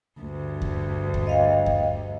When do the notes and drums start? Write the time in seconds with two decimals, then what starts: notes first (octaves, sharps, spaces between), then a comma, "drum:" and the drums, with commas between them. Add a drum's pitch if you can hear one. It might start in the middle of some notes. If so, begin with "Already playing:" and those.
0.21 D2 G2
0.62 drum: kick D#2
1.14 drum: kick D#2
1.27 D#5 F5 G5
1.66 drum: kick D#2